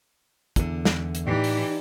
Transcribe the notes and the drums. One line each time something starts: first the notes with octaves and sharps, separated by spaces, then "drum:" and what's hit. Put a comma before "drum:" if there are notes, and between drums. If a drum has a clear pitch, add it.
E2 D3, drum: kick, hi-hat
drum: snare
drum: hi-hat
A2 E3 D#4 G4 D5
drum: open hi-hat